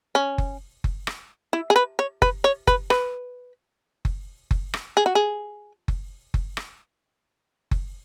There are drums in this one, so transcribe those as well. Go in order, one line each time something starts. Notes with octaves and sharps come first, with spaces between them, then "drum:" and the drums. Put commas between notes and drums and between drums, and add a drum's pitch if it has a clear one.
C#4
drum: kick F#1
drum: kick F#1
drum: rim click
E4
G#4
B4
C#5
B4, drum: kick F#1
C#5
B4, drum: kick F#1
B4, drum: rim click
drum: kick F#1
drum: kick F#1
drum: rim click
G#4
F#4
G#4
drum: kick F#1
drum: kick F#1
drum: rim click
drum: kick F#1